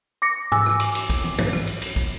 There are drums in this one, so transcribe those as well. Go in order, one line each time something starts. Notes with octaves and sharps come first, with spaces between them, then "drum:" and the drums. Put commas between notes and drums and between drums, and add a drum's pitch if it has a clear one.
D6 A#6 C#7
G#5 D6 E6, drum: tom G#2
drum: rim click
D6, drum: cymbal
drum: cymbal
drum: kick, cymbal
drum: tom
drum: tom G2
drum: rim click
drum: cymbal
drum: cymbal
drum: kick